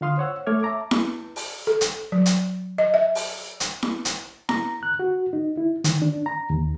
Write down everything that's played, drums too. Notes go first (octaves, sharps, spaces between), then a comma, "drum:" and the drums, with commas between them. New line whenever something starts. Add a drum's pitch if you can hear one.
D3 F4 F5 C6 D#6 F6
C5 C#5 F#5 E6
A3 A4 C#5 D6 F6 G#6
E5 A5 A#5 D6
drum: snare E4
drum: open hi-hat
A4
drum: hi-hat
F#3
drum: hi-hat
D#5
E5
drum: open hi-hat
drum: hi-hat
drum: snare E4
drum: hi-hat
A#5, drum: snare E4
F#6
F#4
D#4
E4
D#3, drum: hi-hat
D4
A#5
D#2